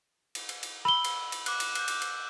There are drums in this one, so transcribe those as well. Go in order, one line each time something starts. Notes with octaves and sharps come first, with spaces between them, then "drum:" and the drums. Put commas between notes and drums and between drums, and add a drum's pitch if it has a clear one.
drum: cymbal
drum: cymbal
drum: cymbal
B5 E6 G7
drum: cymbal
drum: cymbal
D6 F#6, drum: cymbal
drum: cymbal
F#6 G6, drum: cymbal
drum: cymbal
drum: cymbal